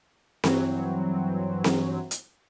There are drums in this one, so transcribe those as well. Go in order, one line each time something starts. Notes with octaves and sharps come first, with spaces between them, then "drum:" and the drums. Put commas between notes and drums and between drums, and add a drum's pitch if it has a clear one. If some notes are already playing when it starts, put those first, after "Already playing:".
G2 E3 F#3 C4, drum: snare C4
drum: snare C4
drum: hi-hat